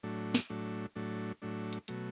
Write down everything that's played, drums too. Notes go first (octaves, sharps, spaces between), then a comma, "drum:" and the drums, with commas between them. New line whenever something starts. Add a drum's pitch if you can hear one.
A2 F#3 A3 D4
drum: snare
A2 F#3 A3 D4
A2 F#3 A3 D4
A2 F#3 A3 D4
drum: hi-hat
B2 F#3 A3, drum: hi-hat